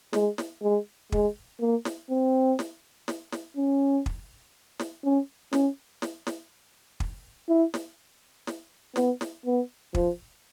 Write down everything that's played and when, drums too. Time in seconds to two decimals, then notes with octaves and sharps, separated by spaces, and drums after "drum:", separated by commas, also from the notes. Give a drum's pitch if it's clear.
0.13 G#3, drum: snare
0.38 drum: snare
0.62 G#3
1.12 G#3, drum: kick
1.60 A#3
1.85 drum: snare
2.10 C4
2.59 drum: snare
3.08 drum: snare
3.32 drum: snare
3.57 C#4
4.06 drum: kick
4.79 drum: snare
5.04 C#4
5.53 C#4, drum: snare
6.02 drum: snare
6.27 drum: snare
7.00 drum: kick
7.49 E4
7.74 drum: snare
8.47 drum: snare
8.96 B3, drum: snare
9.21 drum: snare
9.45 B3
9.95 F3, drum: kick